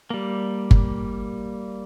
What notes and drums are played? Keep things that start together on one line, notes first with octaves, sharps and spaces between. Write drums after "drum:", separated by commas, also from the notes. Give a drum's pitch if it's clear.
G3 A#3
drum: kick G1